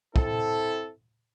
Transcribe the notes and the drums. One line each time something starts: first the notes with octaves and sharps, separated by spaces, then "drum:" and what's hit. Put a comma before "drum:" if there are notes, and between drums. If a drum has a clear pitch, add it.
C4 E4 A4, drum: kick